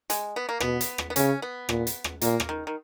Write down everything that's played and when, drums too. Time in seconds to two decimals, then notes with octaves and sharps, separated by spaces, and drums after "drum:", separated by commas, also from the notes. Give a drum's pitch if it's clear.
0.10 G#3, drum: hi-hat
0.36 B3
0.49 A#3
0.60 B2 B3, drum: rim click
0.81 drum: hi-hat
0.98 drum: rim click
1.10 B3
1.16 C#3 C#4, drum: hi-hat
1.42 B3
1.69 A#2, drum: rim click
1.87 drum: hi-hat
2.04 drum: rim click
2.21 A#2 A#3, drum: hi-hat
2.40 drum: rim click
2.49 D#3
2.67 D#3